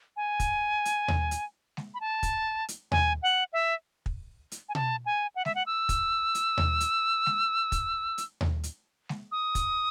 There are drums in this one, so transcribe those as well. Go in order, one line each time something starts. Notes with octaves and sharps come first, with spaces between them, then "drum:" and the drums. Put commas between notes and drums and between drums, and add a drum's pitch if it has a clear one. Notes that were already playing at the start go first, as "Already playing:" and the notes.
G#5
drum: kick, hi-hat
drum: hi-hat
drum: tom D#2
drum: hi-hat
drum: snare G#3
B5
A5
drum: kick, hi-hat
drum: hi-hat
G#5, drum: tom D#2
F#5
E5
drum: kick
drum: hi-hat
G#5
A5, drum: tom B2
G#5
F#5
E5, drum: snare G#3
F#5
E6
drum: kick, hi-hat
drum: hi-hat
drum: tom D#2
drum: hi-hat
drum: snare G#3
drum: kick, hi-hat
drum: hi-hat
drum: tom D#2
drum: hi-hat
drum: snare G#3
D#6
drum: kick, hi-hat